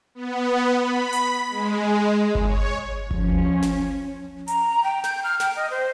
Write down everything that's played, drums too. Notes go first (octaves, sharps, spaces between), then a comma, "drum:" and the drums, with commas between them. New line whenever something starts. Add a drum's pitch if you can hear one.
B3
B5
drum: hi-hat
G#3
drum: kick G1
C#5
F3 C#4, drum: kick G1
drum: tom D2
drum: snare
A#5, drum: hi-hat
G5
G6, drum: snare
F6
G5, drum: snare
D#5
C5